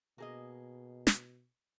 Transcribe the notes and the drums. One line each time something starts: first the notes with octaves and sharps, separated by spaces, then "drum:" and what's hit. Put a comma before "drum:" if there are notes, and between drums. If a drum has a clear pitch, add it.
B2 A#3 G#4 D#5
drum: snare